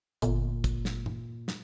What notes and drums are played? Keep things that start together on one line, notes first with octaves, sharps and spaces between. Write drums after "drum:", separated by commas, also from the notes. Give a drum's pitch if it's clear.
G1 A#2, drum: hi-hat
drum: kick, hi-hat
drum: snare
drum: tom G2
drum: snare